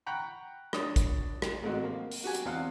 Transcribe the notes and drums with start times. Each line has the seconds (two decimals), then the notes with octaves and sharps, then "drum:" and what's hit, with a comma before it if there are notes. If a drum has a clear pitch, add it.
0.06 F#5 G5 A#5 B5 C#6
0.73 D4 C#5 D#6, drum: rim click
0.96 drum: kick A#1, hi-hat
1.42 drum: rim click
1.63 A1 G#3 C4 F#4
1.84 A#3
2.12 drum: open hi-hat
2.24 F#4 G4 G#5
2.35 drum: hi-hat
2.45 E2 C4 F5 F#5